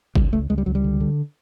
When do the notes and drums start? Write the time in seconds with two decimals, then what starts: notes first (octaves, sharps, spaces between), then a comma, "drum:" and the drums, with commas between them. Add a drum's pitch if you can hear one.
0.15 C#2 G3, drum: kick G1
0.32 C#2 A3
0.50 C#2 G#3
0.58 G3
0.66 C#2 F#3
0.75 G3
0.84 D3
1.00 D3